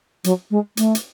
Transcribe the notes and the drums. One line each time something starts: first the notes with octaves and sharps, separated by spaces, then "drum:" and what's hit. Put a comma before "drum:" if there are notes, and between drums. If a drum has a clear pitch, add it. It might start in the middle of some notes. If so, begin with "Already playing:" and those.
F#3, drum: hi-hat
G#3
A3, drum: hi-hat
drum: hi-hat